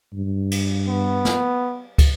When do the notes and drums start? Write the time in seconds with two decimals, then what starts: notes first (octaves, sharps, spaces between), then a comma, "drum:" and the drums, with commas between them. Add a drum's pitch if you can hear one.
0.13 G2
0.51 drum: cymbal
0.88 B3
1.25 drum: snare
1.98 drum: kick, cymbal